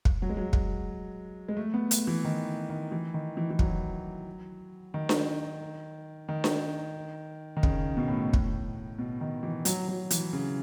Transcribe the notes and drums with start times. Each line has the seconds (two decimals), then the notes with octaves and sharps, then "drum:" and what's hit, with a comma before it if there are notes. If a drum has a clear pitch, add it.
0.05 drum: kick
0.22 F#3
0.30 G#3
0.37 F#3
0.53 drum: kick
1.49 G#3
1.57 A3
1.74 B3
1.91 A3, drum: hi-hat
2.07 E3
2.24 D#3
2.70 D#3
2.92 E3
3.14 D#3
3.37 E3
3.50 E3
3.59 F#3, drum: kick
4.94 D#3
5.09 drum: snare D4
6.29 D#3
6.44 drum: snare D4
7.57 D#3
7.63 C#3, drum: kick
7.97 B2
8.08 A2
8.34 drum: kick
8.98 B2
9.21 D#3
9.43 E3
9.65 F#3, drum: hi-hat
9.88 F#3
10.10 E3, drum: hi-hat
10.33 C#3